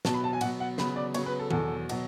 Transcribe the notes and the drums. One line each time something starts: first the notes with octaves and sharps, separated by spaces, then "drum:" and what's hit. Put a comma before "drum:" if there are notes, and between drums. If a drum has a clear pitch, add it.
B2 F#3 B3 A5, drum: snare
B5
A5
G#5
B2 F#3 B3 F#5, drum: cymbal
F#5
C#3 F#3 B3 B5, drum: snare
D5
C#3 F#3 B3 C#5, drum: cymbal
B4
A4
E2 B2 F#3 A4, drum: tom D#3
B2 F#3, drum: cymbal